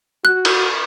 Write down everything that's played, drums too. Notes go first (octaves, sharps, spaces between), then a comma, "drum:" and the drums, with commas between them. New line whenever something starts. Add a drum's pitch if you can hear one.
F#4 F#6
drum: cymbal